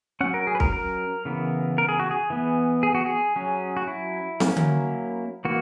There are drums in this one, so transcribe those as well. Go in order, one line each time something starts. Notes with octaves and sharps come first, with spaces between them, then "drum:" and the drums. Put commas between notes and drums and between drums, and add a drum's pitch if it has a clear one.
F#3 C#4 F#5
A#4
G#4
B4
A#4, drum: kick
A#4
C#3 E3 B3
A#4
G#4
F#4
G#4
E3 B3
G#4
F#4
G#4
F#3 C#4
F#4
E4
F#3 A#3 C#4, drum: snare C4
drum: tom D3
E3 A#3 F#4